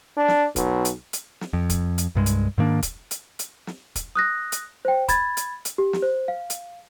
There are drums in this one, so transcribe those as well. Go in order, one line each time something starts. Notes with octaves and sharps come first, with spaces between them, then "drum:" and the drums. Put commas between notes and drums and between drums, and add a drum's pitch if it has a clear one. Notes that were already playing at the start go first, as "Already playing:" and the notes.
D4
drum: snare
B1, drum: kick, hi-hat
drum: hi-hat
drum: hi-hat
drum: snare
F2
drum: kick, hi-hat
drum: hi-hat
C2 G2 G#3
drum: hi-hat
G#2 D#3 A#3 D4
drum: kick, hi-hat
drum: hi-hat
drum: hi-hat
drum: snare
drum: kick, hi-hat
D#6 F#6 A#6
drum: hi-hat
C5 G5
B5 G#6 A6, drum: kick, hi-hat
drum: hi-hat
drum: hi-hat
G4
drum: snare
C5
F5
drum: hi-hat